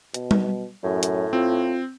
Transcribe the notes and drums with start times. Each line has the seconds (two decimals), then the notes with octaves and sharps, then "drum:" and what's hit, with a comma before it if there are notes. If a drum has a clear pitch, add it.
0.14 B2, drum: hi-hat
0.31 drum: tom G3
0.83 F#2 A2
1.03 drum: hi-hat
1.33 C4 F4